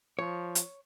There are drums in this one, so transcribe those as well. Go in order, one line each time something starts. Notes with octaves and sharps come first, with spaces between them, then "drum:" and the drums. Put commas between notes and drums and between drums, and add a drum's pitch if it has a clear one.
F3 C#5
drum: hi-hat